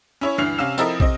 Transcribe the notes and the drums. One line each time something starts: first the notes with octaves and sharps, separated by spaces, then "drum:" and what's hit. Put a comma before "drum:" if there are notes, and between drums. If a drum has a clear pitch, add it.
C#4 E4 C#5
D2 G2 E3 F6 C7 F7
C3 C#4 F5 E6 F6 E7
F3 C4 E4 A4 A#4 D#5, drum: tambourine
C3 C4 D#5, drum: kick